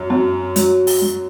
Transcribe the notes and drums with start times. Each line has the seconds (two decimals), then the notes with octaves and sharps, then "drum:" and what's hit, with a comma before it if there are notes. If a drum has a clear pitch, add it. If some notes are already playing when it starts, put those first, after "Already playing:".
Already playing: F#2
0.10 F#2
0.56 F#3, drum: hi-hat
0.87 drum: open hi-hat
1.02 F#3